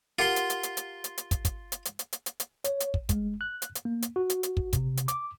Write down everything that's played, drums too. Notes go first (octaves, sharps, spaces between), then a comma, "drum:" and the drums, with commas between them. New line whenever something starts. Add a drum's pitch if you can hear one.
F4 G4 A#4 F#5 C6
drum: hi-hat
drum: hi-hat
drum: hi-hat
drum: hi-hat
drum: hi-hat
drum: hi-hat
drum: kick, hi-hat
drum: kick, hi-hat
drum: hi-hat
drum: hi-hat
drum: hi-hat
drum: hi-hat
drum: hi-hat
drum: hi-hat
C#5, drum: hi-hat
drum: hi-hat
drum: kick
G#3, drum: kick, hi-hat
F#6
drum: hi-hat
drum: hi-hat
A#3
drum: hi-hat
F#4
drum: hi-hat
drum: hi-hat
drum: kick
C3, drum: kick, hi-hat
drum: hi-hat
D6, drum: hi-hat